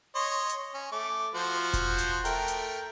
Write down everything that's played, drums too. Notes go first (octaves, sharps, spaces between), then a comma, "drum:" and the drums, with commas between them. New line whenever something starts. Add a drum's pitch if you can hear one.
C#5 D#5 C6
drum: hi-hat
C#4
A3 D6
F3 F#4 C5
drum: kick E1, hi-hat
drum: hi-hat
A3 A#4 G5, drum: hi-hat
drum: hi-hat